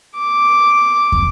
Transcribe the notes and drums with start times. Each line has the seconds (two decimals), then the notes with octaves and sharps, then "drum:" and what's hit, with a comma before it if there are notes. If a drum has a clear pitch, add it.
0.19 D6
1.12 drum: kick